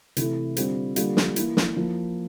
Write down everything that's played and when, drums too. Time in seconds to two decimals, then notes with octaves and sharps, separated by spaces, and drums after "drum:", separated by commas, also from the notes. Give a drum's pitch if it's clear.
0.17 C3 E3 A3 E4, drum: hi-hat
0.57 D3 G3 C4 F4, drum: hi-hat
0.96 D3 G3 A#3 F4, drum: hi-hat
1.17 drum: snare
1.36 E3 A#3 E4, drum: hi-hat
1.57 drum: snare
1.77 F3 A#3 E4